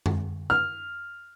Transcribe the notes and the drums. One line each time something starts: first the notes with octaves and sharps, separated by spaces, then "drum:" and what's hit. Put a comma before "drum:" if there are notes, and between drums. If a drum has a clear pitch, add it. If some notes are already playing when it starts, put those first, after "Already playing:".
drum: tom F#2
F6